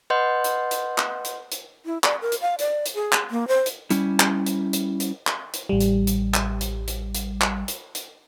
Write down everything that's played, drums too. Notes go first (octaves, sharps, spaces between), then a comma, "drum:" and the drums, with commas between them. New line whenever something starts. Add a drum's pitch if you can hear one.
B4 D#5 F#5 C6 G6
drum: hi-hat
drum: hi-hat
drum: clap
drum: hi-hat
drum: hi-hat
E4
D5, drum: clap
A#4
drum: hi-hat
F5
D5, drum: hi-hat
drum: hi-hat
G#4
drum: clap
A#3
C5
drum: hi-hat
G3 C#4 E4, drum: hi-hat
drum: clap
drum: hi-hat
drum: hi-hat
drum: hi-hat
drum: clap
drum: hi-hat
A1 G3
drum: hi-hat
drum: hi-hat
drum: clap
drum: hi-hat
drum: hi-hat
drum: hi-hat
drum: clap
drum: hi-hat
drum: hi-hat